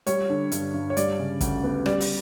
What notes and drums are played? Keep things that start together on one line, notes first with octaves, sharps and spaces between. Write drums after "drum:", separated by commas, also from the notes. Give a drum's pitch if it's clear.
G3 C#5, drum: hi-hat
D3
G2, drum: hi-hat
G2
C#5
G3 D5, drum: hi-hat
C#3
D2, drum: kick, hi-hat
B3
G3 D5, drum: rim click
drum: open hi-hat